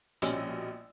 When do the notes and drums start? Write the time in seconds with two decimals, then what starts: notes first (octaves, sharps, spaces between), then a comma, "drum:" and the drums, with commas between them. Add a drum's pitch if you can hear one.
0.22 A#1 B2 G3 C#4 D#5 E6, drum: hi-hat